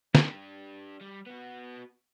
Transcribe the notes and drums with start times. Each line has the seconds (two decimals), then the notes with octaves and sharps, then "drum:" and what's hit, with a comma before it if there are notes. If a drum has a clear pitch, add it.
0.15 D4 G4, drum: snare
1.01 G3
1.26 B3 F#4